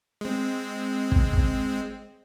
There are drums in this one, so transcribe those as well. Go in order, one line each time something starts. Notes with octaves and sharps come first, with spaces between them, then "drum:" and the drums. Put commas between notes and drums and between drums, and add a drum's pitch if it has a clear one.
G#3 C4
drum: kick
drum: kick